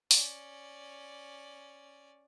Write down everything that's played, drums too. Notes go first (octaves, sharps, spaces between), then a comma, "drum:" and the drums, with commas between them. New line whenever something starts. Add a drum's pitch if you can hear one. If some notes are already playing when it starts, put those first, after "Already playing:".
C#4 D5, drum: open hi-hat